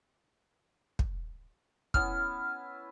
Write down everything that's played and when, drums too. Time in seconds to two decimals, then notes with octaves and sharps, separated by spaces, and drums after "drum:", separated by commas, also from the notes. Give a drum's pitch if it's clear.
0.99 drum: kick
1.94 B3 C#4 E4 F6, drum: kick